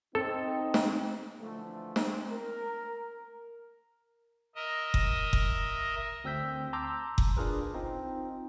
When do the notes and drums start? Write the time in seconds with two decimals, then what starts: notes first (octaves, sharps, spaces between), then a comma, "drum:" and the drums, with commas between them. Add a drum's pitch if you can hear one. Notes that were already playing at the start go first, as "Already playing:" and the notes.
0.15 C4 D#4 A4
0.74 drum: snare
1.39 D3 E3 F3 A3
1.96 C4, drum: snare
2.31 A#4
4.55 A#4 D#5 E5
4.94 drum: kick F#1
5.33 drum: kick F#1
6.24 D2 C4 E6 G6 B6
6.73 A5 A#5 C6 D6 E6 G6
7.18 drum: kick F#1
7.37 D4 F4 G#4 A#4 B4
7.74 C4 D#4 F4